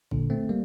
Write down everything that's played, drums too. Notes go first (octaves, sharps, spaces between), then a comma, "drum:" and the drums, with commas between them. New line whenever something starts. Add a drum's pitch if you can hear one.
A#2 D3, drum: kick
A3 C4
G3 A#3